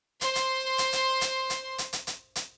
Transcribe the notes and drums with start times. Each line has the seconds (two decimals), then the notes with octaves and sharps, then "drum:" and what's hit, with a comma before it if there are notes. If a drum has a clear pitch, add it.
0.21 C5 C6, drum: hi-hat
0.35 drum: hi-hat
0.78 drum: hi-hat
0.92 drum: hi-hat
1.21 drum: hi-hat
1.50 drum: hi-hat
1.78 drum: hi-hat
1.93 drum: hi-hat
2.07 drum: hi-hat
2.36 drum: hi-hat